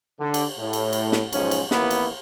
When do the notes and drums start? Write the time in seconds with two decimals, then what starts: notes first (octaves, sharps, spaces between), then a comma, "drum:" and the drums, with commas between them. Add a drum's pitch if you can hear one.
0.20 D3
0.34 drum: cymbal
0.58 A2
0.73 drum: cymbal
0.93 drum: cymbal
1.12 drum: snare
1.33 B1 G#2 F3 C#4, drum: cymbal
1.51 drum: cymbal
1.71 A1 D#2 A#3 B3 E4, drum: snare
1.91 drum: cymbal